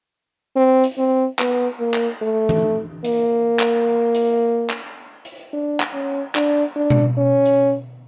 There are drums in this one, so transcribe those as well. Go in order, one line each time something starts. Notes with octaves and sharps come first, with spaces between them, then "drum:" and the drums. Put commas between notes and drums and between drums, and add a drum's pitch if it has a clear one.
C4
drum: hi-hat
C4
B3, drum: clap
A#3
drum: clap
A3
drum: tom E3
A#3, drum: hi-hat
drum: clap
drum: hi-hat
drum: clap
drum: hi-hat
D4
drum: clap
C#4
D4, drum: clap
D4
drum: tom B2
C#4
drum: hi-hat